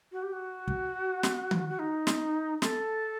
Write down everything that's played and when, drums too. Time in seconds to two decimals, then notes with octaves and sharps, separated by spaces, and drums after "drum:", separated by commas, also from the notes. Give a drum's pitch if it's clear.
0.12 F#4
0.23 G4
0.33 F#4
0.68 drum: kick
1.23 drum: snare
1.51 drum: tom D#3
1.69 F#4
1.79 D#4
2.07 drum: snare
2.62 A4, drum: snare